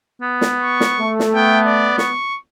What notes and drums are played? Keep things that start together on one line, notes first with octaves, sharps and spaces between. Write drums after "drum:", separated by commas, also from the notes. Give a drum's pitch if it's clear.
B3
drum: snare
C#6
drum: snare
A3
drum: snare
B3 G5
D5
C#6, drum: snare